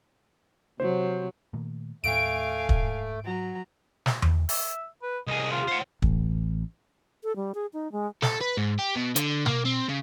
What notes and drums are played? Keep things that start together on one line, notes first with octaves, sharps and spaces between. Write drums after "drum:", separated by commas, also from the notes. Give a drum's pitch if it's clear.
C3 F#3 C5
A#2 D#3 A3
D#2 A2 A3 F5 G#5 D7
drum: kick
G#2
F#3 A#5
drum: snare
drum: tom E2
E5, drum: open hi-hat
B4
C2 G#4 D#5
F4
C5 F#5
A1, drum: kick
A4
G3
G#4
D#4
G#3
A4, drum: snare
B4
G#2
G4
B2
D3, drum: hi-hat
A#3, drum: tom B2
C4
C#3